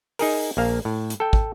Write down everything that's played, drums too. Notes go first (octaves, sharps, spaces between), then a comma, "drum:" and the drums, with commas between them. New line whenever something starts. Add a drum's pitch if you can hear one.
D#4 G#4 A#4, drum: open hi-hat
A#1 A#3 F5
A2
drum: hi-hat
A4 G5
drum: kick